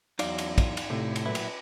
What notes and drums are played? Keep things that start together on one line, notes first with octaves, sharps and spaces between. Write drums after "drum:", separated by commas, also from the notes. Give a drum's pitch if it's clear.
E2 F#3 D#4 D5 F5, drum: cymbal
drum: cymbal
drum: kick, cymbal
drum: cymbal
A2 C3
drum: cymbal
A#2 F#3 E4 B4
drum: cymbal